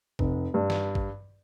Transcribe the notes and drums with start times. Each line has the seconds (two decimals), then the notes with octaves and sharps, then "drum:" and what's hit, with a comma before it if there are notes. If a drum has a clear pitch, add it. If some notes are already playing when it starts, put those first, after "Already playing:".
0.19 F1, drum: kick G#1
0.54 G2
0.70 drum: snare
0.95 drum: kick G#1